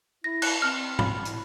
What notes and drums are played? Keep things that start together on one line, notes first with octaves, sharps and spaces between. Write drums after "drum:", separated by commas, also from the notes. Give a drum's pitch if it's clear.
E4 A#6
F#6, drum: cymbal
C4 F6
B5, drum: tom G#2
A2, drum: hi-hat